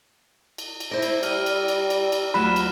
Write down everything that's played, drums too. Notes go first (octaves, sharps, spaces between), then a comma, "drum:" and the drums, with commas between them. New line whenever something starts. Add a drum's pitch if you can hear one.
drum: cymbal
drum: cymbal
E4 C5 D5 A#6
drum: cymbal
G3 E6 F6 D#7, drum: cymbal
drum: cymbal
drum: cymbal
drum: cymbal
drum: cymbal
D2 F#3 F4 B5 F6 F#6 E7
drum: cymbal